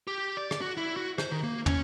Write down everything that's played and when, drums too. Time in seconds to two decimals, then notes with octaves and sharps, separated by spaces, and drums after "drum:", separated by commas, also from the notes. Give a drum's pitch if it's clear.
0.07 G4
0.37 D5
0.51 drum: rim click
0.61 F#4
0.77 E4
0.97 F#4
1.18 C5, drum: rim click
1.31 D#3
1.44 A#3
1.66 C#4, drum: tom